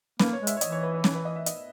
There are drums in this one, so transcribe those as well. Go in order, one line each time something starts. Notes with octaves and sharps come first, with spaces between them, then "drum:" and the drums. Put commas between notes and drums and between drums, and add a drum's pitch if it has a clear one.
A#3 B4, drum: snare
C#5
G#3
E5, drum: hi-hat
C#5
E3 D#5, drum: hi-hat
C#5
B4
B4
C#5, drum: snare
B4
D#5
E5
D#5, drum: hi-hat